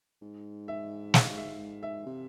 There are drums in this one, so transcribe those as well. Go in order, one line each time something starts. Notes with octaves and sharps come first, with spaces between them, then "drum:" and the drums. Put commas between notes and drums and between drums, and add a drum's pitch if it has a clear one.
G#2
E5
F5, drum: snare
E5
E5
C3